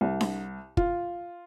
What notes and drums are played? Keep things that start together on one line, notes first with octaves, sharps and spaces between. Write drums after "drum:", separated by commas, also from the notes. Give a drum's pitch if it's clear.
C2
drum: snare D4
F4, drum: kick